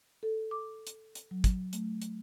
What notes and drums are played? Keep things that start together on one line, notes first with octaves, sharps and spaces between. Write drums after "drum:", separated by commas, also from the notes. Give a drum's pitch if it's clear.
A4
D6
drum: hi-hat
drum: hi-hat
F#3
drum: kick, hi-hat
A3, drum: hi-hat
drum: hi-hat